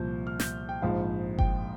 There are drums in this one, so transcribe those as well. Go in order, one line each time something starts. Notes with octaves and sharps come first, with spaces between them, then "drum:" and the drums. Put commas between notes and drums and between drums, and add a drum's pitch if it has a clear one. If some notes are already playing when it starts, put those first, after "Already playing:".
Already playing: C2 A#2 F3 G6
F6
G6, drum: snare
G5
A#1 G#2 F3 F5
G5, drum: kick G1